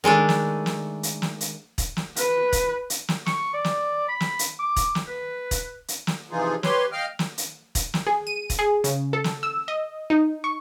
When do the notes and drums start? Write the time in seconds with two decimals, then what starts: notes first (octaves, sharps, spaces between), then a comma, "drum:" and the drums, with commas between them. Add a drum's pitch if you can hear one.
0.04 D#3 G#3 A3 D4
0.29 drum: snare
0.66 drum: snare
1.03 drum: hi-hat
1.22 drum: snare
1.41 drum: hi-hat
1.78 drum: kick E1, hi-hat
1.97 drum: snare
2.16 B4, drum: hi-hat
2.53 drum: kick E1, hi-hat
2.90 drum: hi-hat
3.08 drum: snare
3.26 C#6, drum: snare
3.54 D5
3.64 drum: snare
4.09 B5
4.20 drum: snare
4.39 drum: hi-hat
4.59 D6
4.76 drum: kick E1, hi-hat
4.95 drum: snare
5.08 B4
5.51 drum: kick E1, hi-hat
5.88 drum: hi-hat
6.07 drum: snare
6.31 C3 E3 F3 D#4 F4 G#4
6.63 G4 B4 C#5 C6, drum: snare
6.92 D#5 F5 G5 F6
7.19 drum: snare
7.38 drum: hi-hat
7.75 drum: kick E1, hi-hat
7.94 drum: snare
8.07 G#4
8.27 D#7
8.50 drum: kick E1, hi-hat
8.59 G#4
8.84 C#3, drum: hi-hat
9.13 A4
9.24 drum: snare
9.43 E6
9.68 D#5
10.10 D#4
10.44 C#6